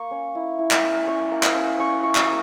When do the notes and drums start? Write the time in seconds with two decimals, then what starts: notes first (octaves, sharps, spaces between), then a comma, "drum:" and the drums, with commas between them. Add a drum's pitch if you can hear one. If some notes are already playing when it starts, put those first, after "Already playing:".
Already playing: A#3 C#6
0.11 C#4
0.35 E4
0.59 E4
0.71 drum: clap
0.83 C#4
1.07 C#4 C#6
1.31 A#3
1.43 drum: clap
1.55 C#4
1.79 C#4 C#6
2.03 E4 C#6
2.15 drum: clap
2.27 A#3